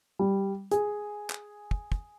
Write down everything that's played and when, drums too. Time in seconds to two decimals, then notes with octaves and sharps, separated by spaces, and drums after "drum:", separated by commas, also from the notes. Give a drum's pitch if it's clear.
0.19 G3
0.71 G#4, drum: hi-hat
1.30 drum: clap
1.71 drum: kick
1.92 drum: kick